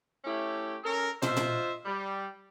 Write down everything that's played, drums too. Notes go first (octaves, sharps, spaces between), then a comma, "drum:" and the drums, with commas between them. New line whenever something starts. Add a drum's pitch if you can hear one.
A3 C#4 E4 G4
C#4 A4 A#4
F4 C5 D#5 E5, drum: tom
drum: tom
G3